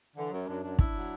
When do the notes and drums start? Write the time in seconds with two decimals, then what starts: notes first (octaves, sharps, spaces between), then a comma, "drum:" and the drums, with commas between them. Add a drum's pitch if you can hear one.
0.16 D3 E3
0.31 F#2 F#3
0.47 F#2 D4
0.63 F#2 D4
0.79 D4 E4, drum: kick
0.94 F#3